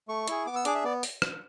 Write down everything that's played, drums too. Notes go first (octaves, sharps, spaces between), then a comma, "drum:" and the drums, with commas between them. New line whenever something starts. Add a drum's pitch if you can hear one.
A3 C#6
E4 G#4, drum: hi-hat
B3 D6
E6
D4 G#4 D6, drum: hi-hat
E5
B3 D5
drum: open hi-hat
drum: rim click